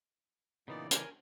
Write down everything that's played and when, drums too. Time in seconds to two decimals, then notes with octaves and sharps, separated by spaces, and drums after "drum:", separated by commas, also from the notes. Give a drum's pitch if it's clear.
0.68 A#2 C#3 E3 B3 D#4 D5
0.91 A#4 G#5, drum: hi-hat